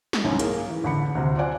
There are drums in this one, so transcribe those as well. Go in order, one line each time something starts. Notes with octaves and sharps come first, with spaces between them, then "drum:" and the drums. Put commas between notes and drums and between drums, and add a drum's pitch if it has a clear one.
drum: snare
C2 G#2 C#4 E4 G#5
A#3 G#4 A#4, drum: hi-hat
E3
A1 D3 B5 C#7
D2 C3
F4 C5 D5 F#5 G#5